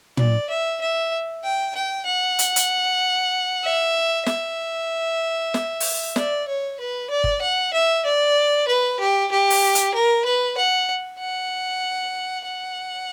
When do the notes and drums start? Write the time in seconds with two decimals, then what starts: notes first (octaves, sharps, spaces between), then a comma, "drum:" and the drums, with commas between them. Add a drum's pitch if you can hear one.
0.17 D5, drum: tom
0.49 E5
0.81 E5
1.43 G5
1.75 G5
2.06 F#5
2.39 drum: hi-hat
2.56 drum: hi-hat
3.63 E5
4.26 E5, drum: snare
5.54 drum: snare
5.80 drum: open hi-hat
6.16 D5, drum: snare
6.47 C#5
6.79 B4
7.10 D5
7.24 drum: kick G1
7.41 F#5
7.73 E5
8.05 D5
8.67 B4
9.00 G4
9.31 G4
9.50 drum: open hi-hat
9.75 drum: hi-hat
9.94 A#4
10.25 B4
10.57 F#5
11.19 F#5
12.45 F#5